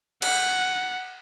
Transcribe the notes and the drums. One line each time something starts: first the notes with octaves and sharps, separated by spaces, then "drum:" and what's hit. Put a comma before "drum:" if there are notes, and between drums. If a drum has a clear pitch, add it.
F#5, drum: cymbal